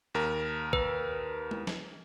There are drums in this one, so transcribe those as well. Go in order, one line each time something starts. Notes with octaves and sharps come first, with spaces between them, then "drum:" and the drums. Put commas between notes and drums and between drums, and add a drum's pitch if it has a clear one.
D#2 A#4
B4, drum: kick A1
drum: tom G#3
drum: snare